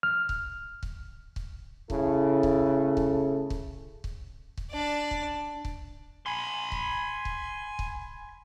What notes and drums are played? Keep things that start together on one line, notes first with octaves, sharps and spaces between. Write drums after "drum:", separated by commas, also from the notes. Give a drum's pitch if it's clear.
F6
drum: kick C#1
drum: kick C#1
drum: kick C#1
A2 C#3 E4 A4, drum: kick C#1
drum: kick C#1
drum: kick C#1
drum: kick C#1
drum: kick C#1
drum: kick C#1
D4 D5
drum: kick C#1
drum: kick C#1
G#5 B5 C6
drum: kick C#1
drum: kick C#1
drum: kick C#1